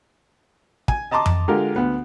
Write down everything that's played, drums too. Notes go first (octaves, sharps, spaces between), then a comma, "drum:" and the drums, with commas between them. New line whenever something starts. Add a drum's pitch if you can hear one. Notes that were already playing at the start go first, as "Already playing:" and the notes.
G#5, drum: kick
D#5 A5 A#5 C6 D6
drum: tom F2
D3 G#3 F4 G4 A#4
D2 B3